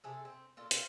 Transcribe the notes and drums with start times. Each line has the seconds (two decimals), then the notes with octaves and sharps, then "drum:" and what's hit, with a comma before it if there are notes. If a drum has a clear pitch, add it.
0.04 C3 G#4 A4
0.25 C4
0.57 A#2 F4 A4
0.71 C4 D4 F4, drum: hi-hat